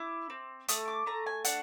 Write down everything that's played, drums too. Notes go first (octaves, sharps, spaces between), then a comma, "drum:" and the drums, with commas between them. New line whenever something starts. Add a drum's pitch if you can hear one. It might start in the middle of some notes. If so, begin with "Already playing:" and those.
Already playing: E4 D6
C4
A3 D#6, drum: hi-hat
D6
A3 A#5
G#5
D4 F#5, drum: hi-hat